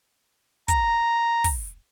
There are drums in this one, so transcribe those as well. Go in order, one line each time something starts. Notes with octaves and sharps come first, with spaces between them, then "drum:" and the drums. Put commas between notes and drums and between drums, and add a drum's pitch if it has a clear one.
A#5, drum: kick, hi-hat
drum: kick, open hi-hat